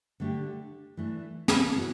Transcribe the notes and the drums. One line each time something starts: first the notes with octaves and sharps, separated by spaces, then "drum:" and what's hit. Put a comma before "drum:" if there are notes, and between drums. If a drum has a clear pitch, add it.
D3 A3 D4 G4
E3 A3 D4
drum: snare
C#3 E3 B3 F#4